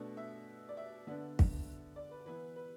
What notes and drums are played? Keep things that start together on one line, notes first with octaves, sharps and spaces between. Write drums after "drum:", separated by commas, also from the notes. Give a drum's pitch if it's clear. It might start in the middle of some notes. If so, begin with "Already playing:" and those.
Already playing: B2 A3 D4
E5
D5
E5
D3 B3 D4
drum: kick
D5
B4
E3 B3 E4 B4
B4